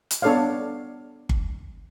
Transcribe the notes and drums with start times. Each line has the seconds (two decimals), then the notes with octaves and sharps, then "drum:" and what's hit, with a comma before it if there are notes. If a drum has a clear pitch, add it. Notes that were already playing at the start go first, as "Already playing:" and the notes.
0.11 drum: hi-hat
0.22 B3 D4 A4 C#5 D5 F5
1.29 drum: kick G1